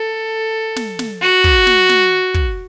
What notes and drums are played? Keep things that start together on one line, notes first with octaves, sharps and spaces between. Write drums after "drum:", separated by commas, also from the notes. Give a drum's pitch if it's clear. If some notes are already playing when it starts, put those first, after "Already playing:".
Already playing: A4
drum: snare
drum: snare
F#4
drum: kick
drum: snare
drum: snare
drum: kick